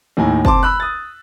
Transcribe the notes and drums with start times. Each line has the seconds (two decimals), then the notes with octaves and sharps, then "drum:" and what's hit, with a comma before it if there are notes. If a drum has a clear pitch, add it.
0.17 D#2 A2 D#4 G#5
0.45 C4 A5 C6 D6, drum: kick
0.63 B5 E6 F#6
0.80 D#6 A6